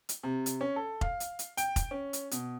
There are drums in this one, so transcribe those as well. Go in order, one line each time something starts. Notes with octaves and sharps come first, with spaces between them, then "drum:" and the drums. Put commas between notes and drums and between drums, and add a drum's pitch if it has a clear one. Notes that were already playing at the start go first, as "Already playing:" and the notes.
drum: hi-hat
C3
drum: hi-hat
C#4
A4
F5, drum: kick
drum: hi-hat
drum: hi-hat
G5, drum: hi-hat
drum: kick, hi-hat
C#4
drum: hi-hat
B2, drum: hi-hat